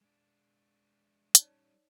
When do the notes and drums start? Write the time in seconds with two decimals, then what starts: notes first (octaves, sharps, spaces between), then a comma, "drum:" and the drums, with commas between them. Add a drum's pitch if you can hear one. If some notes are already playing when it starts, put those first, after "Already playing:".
0.02 G#3 D4
1.35 G3 C#4 D#4 C#5 D5, drum: hi-hat